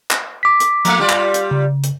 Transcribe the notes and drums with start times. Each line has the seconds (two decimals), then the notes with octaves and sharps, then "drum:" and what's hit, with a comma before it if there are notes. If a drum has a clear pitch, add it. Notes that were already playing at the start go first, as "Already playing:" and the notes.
0.11 drum: clap
0.43 D6 B6
0.60 drum: hi-hat
0.85 F3 A3 A#3, drum: hi-hat
1.00 G3 F4 D5
1.09 drum: clap
1.34 drum: hi-hat
1.51 C#3
1.83 drum: hi-hat